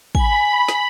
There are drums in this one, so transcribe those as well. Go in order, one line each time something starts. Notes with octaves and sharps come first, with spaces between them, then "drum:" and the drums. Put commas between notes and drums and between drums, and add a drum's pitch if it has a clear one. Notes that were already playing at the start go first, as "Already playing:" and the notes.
G#5 B5, drum: kick
drum: snare